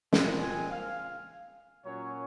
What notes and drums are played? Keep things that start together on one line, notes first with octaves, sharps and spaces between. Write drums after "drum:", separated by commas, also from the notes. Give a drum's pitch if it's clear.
A#2 G#3 C4, drum: snare
G#5
F5
A#2 F#3 C#4 C#5